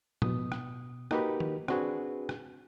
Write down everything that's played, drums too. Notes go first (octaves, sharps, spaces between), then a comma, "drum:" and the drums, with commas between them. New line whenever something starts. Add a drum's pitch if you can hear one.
B2 D#6, drum: tom A2
drum: rim click
A#3 D#4 F#4 G4 A#4 B4, drum: rim click
drum: tom D#3
C4 D4 F#4 G#4 B4, drum: rim click
drum: rim click